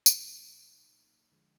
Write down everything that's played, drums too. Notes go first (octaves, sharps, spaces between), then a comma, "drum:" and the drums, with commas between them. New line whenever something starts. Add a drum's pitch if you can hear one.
B2 F#3 A#3 D#4, drum: tambourine
D3 F3 G#3